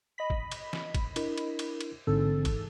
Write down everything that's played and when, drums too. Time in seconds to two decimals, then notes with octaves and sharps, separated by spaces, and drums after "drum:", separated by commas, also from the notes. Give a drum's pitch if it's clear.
0.18 D#5 B5 B6
0.30 drum: kick
0.52 drum: cymbal
0.73 drum: snare
0.95 drum: kick, cymbal
1.16 D4 E4 A#4, drum: cymbal
1.38 drum: cymbal
1.59 drum: cymbal
1.81 drum: cymbal
2.07 A1 G#2 D3 C4 A4
2.45 drum: kick, cymbal